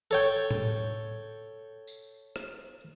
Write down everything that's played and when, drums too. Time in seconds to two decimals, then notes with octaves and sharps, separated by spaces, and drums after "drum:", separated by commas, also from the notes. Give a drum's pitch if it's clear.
0.11 A4 C#5 G5
0.51 drum: tom A2
1.88 drum: tambourine
2.36 drum: rim click